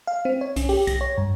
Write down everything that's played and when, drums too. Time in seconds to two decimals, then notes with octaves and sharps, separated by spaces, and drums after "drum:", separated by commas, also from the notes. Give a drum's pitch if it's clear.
0.07 F5
0.25 C4
0.41 C#5
0.56 C#4, drum: kick B1, hi-hat
0.69 G4, drum: open hi-hat
0.87 A#6, drum: kick B1, hi-hat
1.01 C#5
1.17 G2